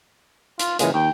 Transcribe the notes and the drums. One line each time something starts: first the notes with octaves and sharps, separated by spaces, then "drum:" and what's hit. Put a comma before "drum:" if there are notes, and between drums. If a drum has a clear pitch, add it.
F4, drum: hi-hat
A#2 C#3 E3 G#3, drum: hi-hat
D#2 G5